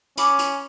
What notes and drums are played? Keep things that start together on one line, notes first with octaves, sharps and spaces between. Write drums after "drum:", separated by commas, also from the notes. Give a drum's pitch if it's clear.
C#4 E5 B5 D6, drum: hi-hat
drum: hi-hat